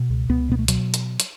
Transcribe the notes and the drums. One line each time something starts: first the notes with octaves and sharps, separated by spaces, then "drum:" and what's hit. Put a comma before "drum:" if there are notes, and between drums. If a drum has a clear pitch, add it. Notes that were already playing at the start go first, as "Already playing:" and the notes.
Already playing: B2
C#2
C#2 B3
B2 B3
A3
B2 F#3, drum: hi-hat
drum: hi-hat
drum: hi-hat